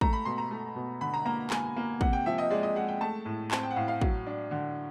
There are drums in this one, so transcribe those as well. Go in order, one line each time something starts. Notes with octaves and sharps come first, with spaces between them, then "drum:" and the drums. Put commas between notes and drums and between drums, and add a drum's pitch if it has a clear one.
A3 A#5, drum: kick
B5
B2 C6
A#5
A3
B2
D3 B5
A#5
A#3 A#5
A#3 G#5, drum: clap
A#3
C3 F#5, drum: kick
G5
F3 E5
D#5
G#3 D5
D#5
G#3 F#5
G5
A3 A5
A2
C4 A5, drum: clap
G5
F#5
A2 F5
F5
F#3, drum: kick
D4
D3